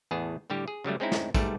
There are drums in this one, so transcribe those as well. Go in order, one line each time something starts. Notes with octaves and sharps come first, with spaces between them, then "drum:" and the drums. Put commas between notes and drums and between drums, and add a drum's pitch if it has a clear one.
E2 A2 B3 G#4 A5
A2 D3 G3 G4
G#4
C#3 F#3 G3 A3
G#3 C4 C#4 D#4 E4
drum: snare
G#2 B2 G3 A3 A4 D5, drum: kick, tambourine